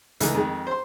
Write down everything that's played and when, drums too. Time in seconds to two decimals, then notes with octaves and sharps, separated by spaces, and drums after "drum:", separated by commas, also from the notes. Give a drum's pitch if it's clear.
0.20 C#2 E3 G#3 A3 D#4, drum: hi-hat
0.34 F2 D#3 G#3
0.67 C5 C6